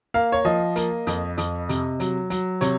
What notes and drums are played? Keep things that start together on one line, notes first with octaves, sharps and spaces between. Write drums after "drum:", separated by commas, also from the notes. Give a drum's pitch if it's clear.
A#3 F5
C#5
F3 D#5
A#3, drum: hi-hat
F2, drum: hi-hat
F2, drum: hi-hat
C3, drum: hi-hat
F#3, drum: hi-hat
F#3, drum: hi-hat
C3 C#5, drum: hi-hat